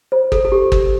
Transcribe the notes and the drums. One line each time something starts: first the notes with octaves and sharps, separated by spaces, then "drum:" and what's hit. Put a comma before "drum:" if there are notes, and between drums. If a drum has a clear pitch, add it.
C5
A4, drum: kick
A4
G4
drum: kick